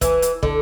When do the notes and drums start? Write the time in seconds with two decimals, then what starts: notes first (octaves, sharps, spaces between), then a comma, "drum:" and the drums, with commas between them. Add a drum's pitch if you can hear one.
0.01 E3, drum: kick, hi-hat
0.22 drum: hi-hat
0.43 D3, drum: kick